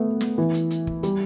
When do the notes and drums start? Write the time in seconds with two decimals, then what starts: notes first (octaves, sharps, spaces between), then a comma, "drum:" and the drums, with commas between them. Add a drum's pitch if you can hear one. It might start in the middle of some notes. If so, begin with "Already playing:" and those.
Already playing: A3 B3
0.21 drum: snare
0.38 E3
0.54 drum: hi-hat
0.70 drum: hi-hat
0.87 drum: kick
1.03 G3, drum: hi-hat